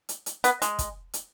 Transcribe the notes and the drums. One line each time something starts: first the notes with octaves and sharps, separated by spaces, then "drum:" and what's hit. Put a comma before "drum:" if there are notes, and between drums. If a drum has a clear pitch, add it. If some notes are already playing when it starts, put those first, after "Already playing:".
drum: hi-hat
drum: hi-hat
B3, drum: hi-hat
G#3, drum: hi-hat
drum: kick, hi-hat
drum: hi-hat